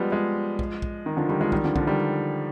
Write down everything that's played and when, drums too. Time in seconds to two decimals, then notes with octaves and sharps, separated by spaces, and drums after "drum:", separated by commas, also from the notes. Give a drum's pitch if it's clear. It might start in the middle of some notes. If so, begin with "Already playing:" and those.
Already playing: F3 G3 G#3 B3
0.12 F3 G#3
0.59 drum: kick B1
0.82 drum: kick B1
1.06 D#3
1.17 D3 F3
1.29 D#3 G3
1.41 F3 G#3
1.52 D#3 G3, drum: kick B1
1.64 D3 F3
1.76 D3 F3, drum: kick B1
1.87 D#3 G3